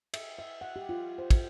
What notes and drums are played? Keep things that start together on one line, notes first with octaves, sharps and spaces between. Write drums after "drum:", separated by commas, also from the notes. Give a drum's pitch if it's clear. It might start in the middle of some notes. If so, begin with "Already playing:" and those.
E5, drum: cymbal
E5
F#5
G4
F4
C5
drum: kick, cymbal